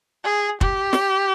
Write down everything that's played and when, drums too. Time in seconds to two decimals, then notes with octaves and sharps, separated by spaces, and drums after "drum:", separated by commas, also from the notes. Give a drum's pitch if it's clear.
0.24 G#4
0.61 G4, drum: kick
0.93 drum: snare